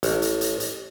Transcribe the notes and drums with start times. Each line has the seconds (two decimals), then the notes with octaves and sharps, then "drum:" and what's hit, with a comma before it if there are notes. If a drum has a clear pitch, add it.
0.03 A1, drum: hi-hat
0.22 drum: hi-hat
0.41 drum: hi-hat
0.60 drum: hi-hat